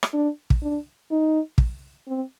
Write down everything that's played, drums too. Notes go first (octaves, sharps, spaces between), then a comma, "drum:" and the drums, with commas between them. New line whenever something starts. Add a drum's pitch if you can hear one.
drum: rim click
D4
drum: kick
D4
D#4
drum: kick
C4